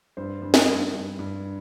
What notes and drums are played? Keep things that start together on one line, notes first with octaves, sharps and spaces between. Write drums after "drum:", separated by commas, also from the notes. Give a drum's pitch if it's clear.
G2 C5
G2
drum: snare
G2
G2
G2